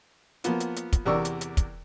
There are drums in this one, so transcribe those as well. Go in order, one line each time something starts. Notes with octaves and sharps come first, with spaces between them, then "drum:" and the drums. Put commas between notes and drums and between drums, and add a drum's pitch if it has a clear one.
F3 A#3 B3 F4, drum: hi-hat
drum: hi-hat
drum: hi-hat
drum: kick, hi-hat
E2 C3 A#4 D5 C#6 E6
drum: hi-hat
drum: hi-hat
drum: kick, hi-hat